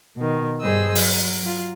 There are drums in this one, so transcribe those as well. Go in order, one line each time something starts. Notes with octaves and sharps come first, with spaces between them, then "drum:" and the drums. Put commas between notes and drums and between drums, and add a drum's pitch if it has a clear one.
B2 D#3
G2 G3 G#4 C5 D#5 E6
F#3, drum: open hi-hat
F#3 F4